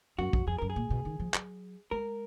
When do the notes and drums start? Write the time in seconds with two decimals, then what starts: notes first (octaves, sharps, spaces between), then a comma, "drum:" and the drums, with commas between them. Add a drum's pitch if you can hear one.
0.18 F#2 F#4
0.33 F2, drum: kick
0.47 F2 G#4
0.58 F#2 A#4
0.70 G#4
0.76 A#2
0.90 B2
1.05 D#3
1.20 F3
1.34 F#3, drum: clap
1.91 G#3 A#4